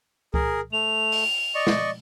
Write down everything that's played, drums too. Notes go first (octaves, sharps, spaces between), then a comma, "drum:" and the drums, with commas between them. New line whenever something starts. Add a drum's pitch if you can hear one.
G#4 A#4, drum: kick C#2
A3 F7
drum: open hi-hat
D5 D#5 C#6
drum: snare